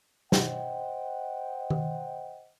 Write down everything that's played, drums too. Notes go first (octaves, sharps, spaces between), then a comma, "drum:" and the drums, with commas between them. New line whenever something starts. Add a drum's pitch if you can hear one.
C5 D#5 F#5 G5, drum: snare
drum: tom D#3